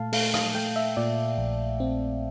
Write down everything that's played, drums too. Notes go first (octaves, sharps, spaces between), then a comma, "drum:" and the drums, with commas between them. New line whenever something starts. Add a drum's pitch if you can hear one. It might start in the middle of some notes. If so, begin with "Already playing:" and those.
Already playing: A#2 A3 F5 A5
A3 F5, drum: open hi-hat
F5, drum: rim click
A3 G5
E5
A#2 D5
A#1
C4